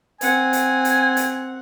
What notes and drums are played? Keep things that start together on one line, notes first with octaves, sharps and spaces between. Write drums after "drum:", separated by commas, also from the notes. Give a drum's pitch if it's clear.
C4 F#5 G#5, drum: hi-hat
drum: hi-hat
drum: hi-hat
drum: hi-hat